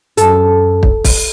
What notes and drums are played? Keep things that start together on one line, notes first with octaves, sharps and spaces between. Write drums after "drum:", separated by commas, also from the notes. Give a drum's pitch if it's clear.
F#2 A4, drum: hi-hat
drum: kick
drum: kick, open hi-hat